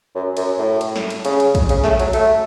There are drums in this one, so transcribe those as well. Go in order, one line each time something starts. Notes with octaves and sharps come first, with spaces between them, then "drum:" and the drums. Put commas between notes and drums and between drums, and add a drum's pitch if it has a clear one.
F#2
F#2, drum: cymbal
A2
drum: cymbal
drum: snare
drum: cymbal
C#3, drum: cymbal
drum: cymbal
drum: kick, cymbal
C#3, drum: cymbal
A3, drum: snare
F#3, drum: cymbal
A3, drum: cymbal